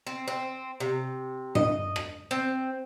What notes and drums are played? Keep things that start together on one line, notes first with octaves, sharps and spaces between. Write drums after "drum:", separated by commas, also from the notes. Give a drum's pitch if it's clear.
C4
C4
C3
D#5, drum: tom G2
drum: rim click
C4